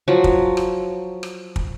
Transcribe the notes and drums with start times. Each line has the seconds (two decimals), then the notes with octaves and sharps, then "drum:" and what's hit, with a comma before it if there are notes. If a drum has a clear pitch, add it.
0.08 F3 F#3
0.24 drum: kick
0.57 drum: rim click
1.23 drum: rim click
1.56 drum: kick